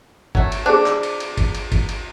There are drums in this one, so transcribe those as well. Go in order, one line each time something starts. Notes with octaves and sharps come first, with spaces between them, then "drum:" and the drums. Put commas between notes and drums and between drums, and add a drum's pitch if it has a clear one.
F#3 A3, drum: kick G1
drum: cymbal
D4 G#4 C5
drum: clap
drum: cymbal
drum: cymbal
drum: kick G1, cymbal
drum: cymbal
drum: kick G1, cymbal
drum: cymbal